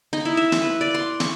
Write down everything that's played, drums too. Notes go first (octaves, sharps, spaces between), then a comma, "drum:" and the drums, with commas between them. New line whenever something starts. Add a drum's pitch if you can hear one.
D#4
E4
E5
drum: snare
B4
D5
C6
C#6, drum: snare